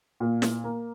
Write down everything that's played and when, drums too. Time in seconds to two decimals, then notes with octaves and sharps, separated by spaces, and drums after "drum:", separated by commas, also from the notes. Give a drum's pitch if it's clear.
0.20 A#2
0.42 drum: snare
0.64 A#3